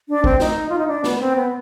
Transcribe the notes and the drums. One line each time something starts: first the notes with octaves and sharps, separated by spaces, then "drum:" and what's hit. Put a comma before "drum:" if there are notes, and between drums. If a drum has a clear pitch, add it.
D4
C4, drum: kick
D#4, drum: snare
F4
D#4
D4
B3, drum: snare
C4
B3